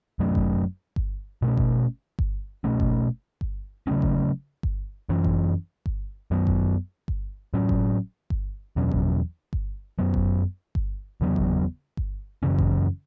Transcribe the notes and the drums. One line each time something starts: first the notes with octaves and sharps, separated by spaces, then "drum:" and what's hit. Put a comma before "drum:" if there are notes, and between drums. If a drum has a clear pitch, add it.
F#2 F#3 A3 C#4
drum: kick G1
drum: kick G1
B2 A3 C#4
drum: kick G1
drum: kick G1
B2 A3 C#4
drum: kick G1
drum: kick G1
C#3 F#3 A3 C#4
drum: kick G1
drum: kick G1
F#2 E3 C#4
drum: kick G1
drum: kick G1
F#2 F#3 B3
drum: kick G1
drum: kick G1
A2 F#3 C#4
drum: kick G1
drum: kick G1
E2 B2 F#3 C#4
drum: kick G1
drum: kick G1
F#2 F#3 B3
drum: kick G1
drum: kick G1
E2 C#3 F#3 B3
drum: kick G1
drum: kick G1
F#2 C#3 E3 C#4
drum: kick G1